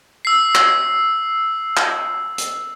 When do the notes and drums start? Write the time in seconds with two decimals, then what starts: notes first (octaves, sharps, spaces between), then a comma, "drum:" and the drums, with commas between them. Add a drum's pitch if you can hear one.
0.25 E6 C7
0.55 drum: clap
1.77 drum: clap
2.38 drum: hi-hat